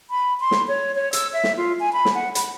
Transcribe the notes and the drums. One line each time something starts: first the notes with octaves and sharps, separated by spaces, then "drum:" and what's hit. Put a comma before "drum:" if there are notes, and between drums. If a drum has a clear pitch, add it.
B5
C6
drum: snare
C#5
C#5
E6, drum: hi-hat
E5
drum: snare
F4
G#5
B5
drum: snare
F#5
B5, drum: hi-hat